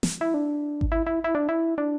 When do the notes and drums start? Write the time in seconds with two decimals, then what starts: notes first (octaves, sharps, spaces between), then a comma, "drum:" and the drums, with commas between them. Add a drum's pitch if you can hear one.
0.03 drum: snare
0.21 E4
0.34 D4
0.81 drum: kick G#1
0.92 E4
1.07 E4
1.24 E4
1.35 D4
1.49 E4
1.78 D4